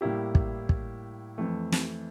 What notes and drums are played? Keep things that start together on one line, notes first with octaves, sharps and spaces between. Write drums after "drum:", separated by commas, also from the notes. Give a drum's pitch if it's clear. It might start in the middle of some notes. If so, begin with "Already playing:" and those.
A2 G3 A#3 E4 G4
drum: kick
drum: kick
F2 E3 A3
drum: snare